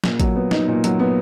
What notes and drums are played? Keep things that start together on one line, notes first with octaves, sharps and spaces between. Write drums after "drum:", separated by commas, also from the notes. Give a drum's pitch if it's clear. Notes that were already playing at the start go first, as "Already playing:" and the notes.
A#2, drum: snare
F#3, drum: kick, hi-hat
B3
D#4, drum: snare
A#2
F#3, drum: hi-hat
B3